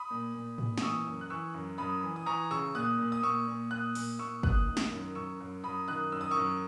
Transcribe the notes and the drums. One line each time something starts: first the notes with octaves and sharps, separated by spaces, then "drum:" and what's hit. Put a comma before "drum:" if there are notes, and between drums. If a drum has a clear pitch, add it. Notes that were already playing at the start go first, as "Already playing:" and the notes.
Already playing: B5 D#6
A#2
A#2
A#2, drum: tom G#2
D#6, drum: snare
E3 C#6 E6
F#2
F#6
E3 C#6 E6
F#2
F#2 B5 D#6
E3
D#6
E3 A#5 C#6
C#3 C#6 E6
A#2 D#6 F#6
A#2
D#6
A#2 C#6 E6
A#2
A#2 D#6 F#6
A#2, drum: open hi-hat
A#2 C#6 E6
A#2 D#6 F#6, drum: kick
D#3
drum: snare
F#2
F#2 C#6 E6
F#2
F#2 B5 D#6
D#3 D#6 F#6
F#2 E6
D#6
C#6 E6
F#2